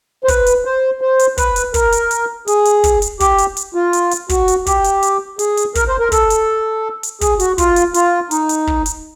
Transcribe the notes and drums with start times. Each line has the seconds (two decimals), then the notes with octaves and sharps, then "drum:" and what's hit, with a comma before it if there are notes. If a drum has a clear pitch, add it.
0.24 C5
0.28 B4, drum: kick, hi-hat
0.46 drum: hi-hat
0.65 C5
1.01 C5
1.19 drum: hi-hat
1.38 B4, drum: kick, hi-hat
1.56 drum: hi-hat
1.74 A#4, drum: kick, hi-hat
1.92 drum: hi-hat
2.11 drum: hi-hat
2.47 G#4, drum: hi-hat
2.65 drum: hi-hat
2.84 drum: kick, hi-hat
3.02 drum: hi-hat
3.20 G4, drum: kick, hi-hat
3.38 drum: hi-hat
3.57 drum: hi-hat
3.74 F4
3.93 drum: hi-hat
4.11 drum: hi-hat
4.29 F#4, drum: kick, hi-hat
4.48 drum: hi-hat
4.66 G4, drum: kick, hi-hat
4.84 drum: hi-hat
5.03 drum: hi-hat
5.39 G#4, drum: hi-hat
5.57 drum: hi-hat
5.75 A#4, drum: kick, hi-hat
5.88 C5
6.00 A#4
6.12 A4, drum: kick, hi-hat
6.30 drum: hi-hat
7.03 drum: hi-hat
7.21 G#4, drum: kick, hi-hat
7.40 F#4, drum: hi-hat
7.58 F4, drum: kick, hi-hat
7.76 drum: hi-hat
7.94 F4, drum: hi-hat
8.31 D#4, drum: hi-hat
8.49 drum: hi-hat
8.67 drum: kick
8.86 drum: hi-hat